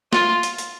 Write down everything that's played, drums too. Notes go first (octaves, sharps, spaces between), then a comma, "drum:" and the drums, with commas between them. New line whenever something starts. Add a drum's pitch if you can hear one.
F4, drum: snare
drum: hi-hat
drum: hi-hat